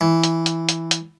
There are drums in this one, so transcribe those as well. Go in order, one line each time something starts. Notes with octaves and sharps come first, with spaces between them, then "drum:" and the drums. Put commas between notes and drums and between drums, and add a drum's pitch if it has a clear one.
E3
drum: hi-hat
drum: hi-hat
drum: hi-hat
drum: hi-hat